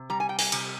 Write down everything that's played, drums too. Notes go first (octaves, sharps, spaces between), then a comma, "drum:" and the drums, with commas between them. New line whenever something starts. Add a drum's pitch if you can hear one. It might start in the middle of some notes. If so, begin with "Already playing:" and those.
Already playing: C3
G3 A#5
G#5
G5
G#5, drum: open hi-hat
C3, drum: cymbal